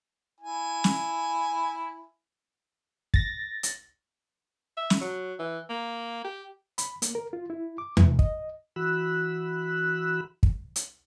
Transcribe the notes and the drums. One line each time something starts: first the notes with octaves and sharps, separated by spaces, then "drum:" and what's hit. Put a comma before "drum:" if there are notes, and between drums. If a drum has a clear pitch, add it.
E4 G#5
drum: snare
A6 A#6, drum: kick
drum: hi-hat
E5
drum: snare
F#3
E3
A#3
G4
B5, drum: hi-hat
A#3, drum: hi-hat
A#4
F4
E4
D6
E3, drum: tom E2
D#5, drum: kick
E3 F#4 B5 E6 F#6
drum: kick
drum: hi-hat